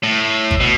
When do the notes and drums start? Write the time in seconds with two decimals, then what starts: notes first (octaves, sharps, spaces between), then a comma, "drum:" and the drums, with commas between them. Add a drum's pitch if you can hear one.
0.03 A2
0.51 drum: kick G#1
0.60 B2